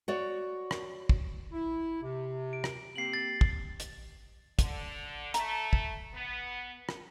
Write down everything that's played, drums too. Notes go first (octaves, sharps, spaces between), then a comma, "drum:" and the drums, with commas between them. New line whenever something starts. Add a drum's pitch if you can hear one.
F#4 C#5 D5
drum: rim click
drum: kick
E4
C3
D7
drum: rim click
A#3 C4 G4 C7 F#7
A6
drum: kick
drum: hi-hat
D3, drum: kick, hi-hat
A3 A#5, drum: hi-hat
drum: kick
B3
drum: rim click